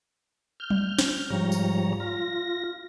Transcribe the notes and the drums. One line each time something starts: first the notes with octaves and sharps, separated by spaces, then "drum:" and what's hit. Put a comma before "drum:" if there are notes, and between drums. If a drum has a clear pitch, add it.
F6 G6
drum: tom F#3
drum: snare
G#2 F3 G3 C#5 A#5
drum: tambourine
F4 A#6